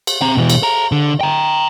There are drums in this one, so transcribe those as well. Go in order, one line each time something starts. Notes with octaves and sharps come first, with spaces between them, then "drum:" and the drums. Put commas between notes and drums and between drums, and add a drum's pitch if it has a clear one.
drum: cymbal
C4 A#5
B2 E3
drum: cymbal
A4 A#5
D3
G5 A#5